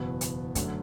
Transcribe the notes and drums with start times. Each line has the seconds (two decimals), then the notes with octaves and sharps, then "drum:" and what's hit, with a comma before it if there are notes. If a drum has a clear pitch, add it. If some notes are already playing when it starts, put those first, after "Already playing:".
Already playing: F#1 E2 B2 B3
0.21 drum: hi-hat
0.55 F#2 D3 A3, drum: kick, hi-hat